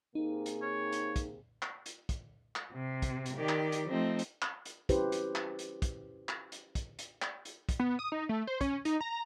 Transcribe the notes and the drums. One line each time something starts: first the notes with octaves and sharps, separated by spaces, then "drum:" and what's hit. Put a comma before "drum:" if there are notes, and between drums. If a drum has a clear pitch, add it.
C3 A#3 D#4 G#4
drum: hi-hat
C#5
drum: hi-hat
drum: kick, hi-hat
drum: clap
drum: hi-hat
drum: kick, hi-hat
drum: clap
C3
drum: kick, hi-hat
drum: hi-hat
D#3 G4 D5
drum: clap
drum: hi-hat
F3 A3 C4 D#4
drum: hi-hat
drum: clap
drum: hi-hat
C#4 E4 F#4 G4 B4 C5, drum: kick, hi-hat
drum: hi-hat
drum: clap
drum: hi-hat
drum: kick, hi-hat
drum: clap
drum: hi-hat
drum: kick, hi-hat
drum: hi-hat
drum: clap
drum: hi-hat
drum: kick, hi-hat
B3
D#6
D#4
A3
C5
C#4, drum: kick, hi-hat
D#4, drum: hi-hat
A#5